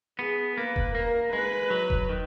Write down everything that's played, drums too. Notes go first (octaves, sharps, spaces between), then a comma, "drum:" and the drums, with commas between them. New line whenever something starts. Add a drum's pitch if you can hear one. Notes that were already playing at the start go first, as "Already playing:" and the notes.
B3 G#4
A#3 B4
drum: kick E1
A#3 A#4
G#3 B4
F#3
drum: kick E1
D#3